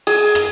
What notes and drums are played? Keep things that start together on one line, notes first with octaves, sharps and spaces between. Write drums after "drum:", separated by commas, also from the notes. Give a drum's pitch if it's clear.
G#4, drum: cymbal
drum: rim click